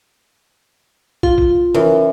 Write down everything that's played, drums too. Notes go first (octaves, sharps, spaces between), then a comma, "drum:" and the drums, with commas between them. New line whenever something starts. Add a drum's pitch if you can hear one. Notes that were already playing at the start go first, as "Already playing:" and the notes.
F4, drum: kick
drum: kick
F#2 E3, drum: tom